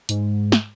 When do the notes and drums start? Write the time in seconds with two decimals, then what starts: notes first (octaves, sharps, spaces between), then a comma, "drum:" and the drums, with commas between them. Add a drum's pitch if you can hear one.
0.09 G#2, drum: hi-hat
0.52 drum: snare